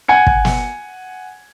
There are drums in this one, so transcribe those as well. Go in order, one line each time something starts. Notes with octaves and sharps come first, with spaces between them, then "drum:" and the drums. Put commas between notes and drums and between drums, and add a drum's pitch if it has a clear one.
F#5 G#5 G#6 C#7
drum: kick
drum: snare